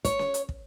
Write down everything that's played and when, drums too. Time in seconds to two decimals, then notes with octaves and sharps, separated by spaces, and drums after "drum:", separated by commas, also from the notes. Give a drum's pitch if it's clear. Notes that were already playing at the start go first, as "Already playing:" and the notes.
0.05 C#5, drum: kick, hi-hat
0.19 drum: snare C#4
0.34 drum: hi-hat
0.49 drum: kick